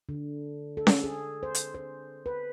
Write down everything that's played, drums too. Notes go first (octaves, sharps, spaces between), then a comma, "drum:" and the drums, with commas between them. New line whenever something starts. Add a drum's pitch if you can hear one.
D3
A4
drum: snare C#4
G#4
C5
drum: hi-hat
C5
B4